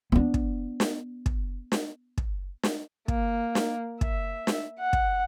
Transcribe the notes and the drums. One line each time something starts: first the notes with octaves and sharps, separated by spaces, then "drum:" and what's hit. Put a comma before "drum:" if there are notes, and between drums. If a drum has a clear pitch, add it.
B3 D4
drum: kick
drum: snare
drum: kick
drum: snare
drum: kick
drum: snare
A#3, drum: kick
drum: snare
E5, drum: kick
drum: snare
F#5
drum: kick